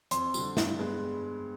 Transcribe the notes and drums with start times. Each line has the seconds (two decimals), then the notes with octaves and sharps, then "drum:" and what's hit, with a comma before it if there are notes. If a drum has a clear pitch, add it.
0.11 F2 C6, drum: hi-hat
0.34 D3 G3, drum: tambourine
0.57 G2, drum: snare
0.79 G#3 B3